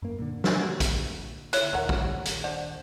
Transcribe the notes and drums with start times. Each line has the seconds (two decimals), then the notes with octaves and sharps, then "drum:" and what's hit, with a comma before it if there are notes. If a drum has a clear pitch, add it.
0.02 F#2 A#3
0.19 A#2 D3
0.44 drum: snare
0.80 drum: kick, hi-hat
1.53 E4 C#5 F#6, drum: hi-hat
1.73 D#1 D#2 E3 A#4 F#5
1.89 drum: kick
2.25 drum: hi-hat
2.44 D4 C5 F#5